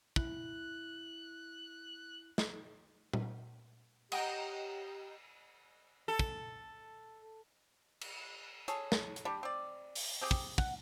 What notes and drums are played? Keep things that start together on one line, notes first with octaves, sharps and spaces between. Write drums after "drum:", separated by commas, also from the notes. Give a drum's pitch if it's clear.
E4 F#6, drum: kick
drum: snare
drum: tom A#2
G4 C#5 D#5 F#5 G5 A#5 C#6, drum: cymbal
A4
drum: kick
drum: cymbal
G#4 A4 C#5, drum: hi-hat
drum: snare
drum: hi-hat
G3 D4 G4
C4 D5
drum: open hi-hat
C4 G4 G#4
drum: kick
F#5, drum: kick